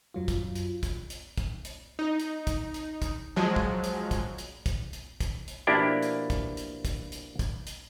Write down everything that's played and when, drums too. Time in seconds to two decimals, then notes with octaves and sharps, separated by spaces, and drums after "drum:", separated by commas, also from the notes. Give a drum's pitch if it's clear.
0.14 F#2 F#3 F4
0.28 drum: kick, hi-hat
0.55 drum: hi-hat
0.83 drum: kick, hi-hat
1.10 drum: hi-hat
1.38 drum: kick, hi-hat
1.65 drum: hi-hat
1.99 D#4
2.20 drum: hi-hat
2.47 drum: kick, hi-hat
2.74 drum: hi-hat
3.02 drum: kick, hi-hat
3.36 F3 F#3 G#3
3.56 drum: kick
3.84 drum: hi-hat
4.11 drum: kick, hi-hat
4.38 drum: hi-hat
4.66 drum: kick, hi-hat
4.93 drum: hi-hat
5.20 drum: kick, hi-hat
5.48 drum: hi-hat
5.67 B2 F3 A#3 D4 E4 G4
6.03 drum: hi-hat
6.30 drum: kick, hi-hat
6.57 drum: hi-hat
6.85 drum: kick, hi-hat
7.12 drum: hi-hat
7.39 drum: kick, hi-hat
7.67 drum: hi-hat